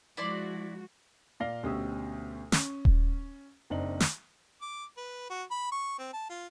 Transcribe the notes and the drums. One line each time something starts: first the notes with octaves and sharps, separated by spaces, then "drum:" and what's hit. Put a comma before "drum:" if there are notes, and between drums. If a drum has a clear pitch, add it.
F3 G#3 E4 F#4 D5 C6
A#2 D5 F5 A#6 C7 G7
D2 B2 C#4 G4 D#6 E6
C#4, drum: snare
drum: kick D#1
F#1 C4 D4 D#4 F#7
drum: snare
D6
B4
F#4
B5
C#6
C4
A5
F4